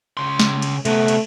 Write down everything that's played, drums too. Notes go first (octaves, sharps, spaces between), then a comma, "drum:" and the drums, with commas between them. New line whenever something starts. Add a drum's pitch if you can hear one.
C#3 C6
drum: snare
drum: cymbal
C3 A3 B3, drum: cymbal
drum: cymbal